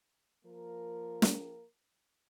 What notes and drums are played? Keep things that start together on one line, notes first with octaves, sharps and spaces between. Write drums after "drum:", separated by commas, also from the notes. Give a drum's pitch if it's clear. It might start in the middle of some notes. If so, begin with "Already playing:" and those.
F3 A#3 A#4
drum: snare